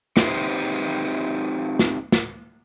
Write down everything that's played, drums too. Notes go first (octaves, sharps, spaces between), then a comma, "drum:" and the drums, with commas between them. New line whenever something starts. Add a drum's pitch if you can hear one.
C4 D#4 G4 B4 C5, drum: snare
drum: snare
drum: snare